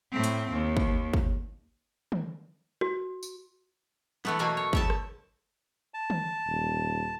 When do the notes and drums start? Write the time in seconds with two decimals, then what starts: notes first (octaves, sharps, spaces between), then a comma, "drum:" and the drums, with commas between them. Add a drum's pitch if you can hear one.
0.11 A2 C4
0.24 drum: hi-hat
0.51 D#2
0.77 drum: kick
1.13 drum: kick
2.12 drum: tom
2.81 F#4, drum: rim click
3.23 drum: tambourine
4.25 E3 A3 B3, drum: snare
4.39 B2 F#3 A3 A#3 G#5
4.57 C#5
4.73 C#3 E5 A5, drum: kick
4.90 drum: rim click
5.94 A5
6.10 drum: tom
6.47 D#1